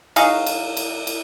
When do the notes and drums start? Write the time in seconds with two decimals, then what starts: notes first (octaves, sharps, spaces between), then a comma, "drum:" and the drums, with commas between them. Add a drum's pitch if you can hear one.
0.16 F#3 D#4 G#4 F5, drum: cymbal
0.46 drum: cymbal
0.77 drum: cymbal
1.07 drum: cymbal